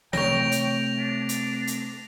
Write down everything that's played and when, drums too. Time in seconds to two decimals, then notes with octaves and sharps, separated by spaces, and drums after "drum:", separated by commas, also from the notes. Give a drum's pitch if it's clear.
0.13 C3 A3 C#5 G5 C#6 A#6 F7, drum: snare
0.52 drum: hi-hat
0.99 D4
1.29 drum: hi-hat
1.67 drum: hi-hat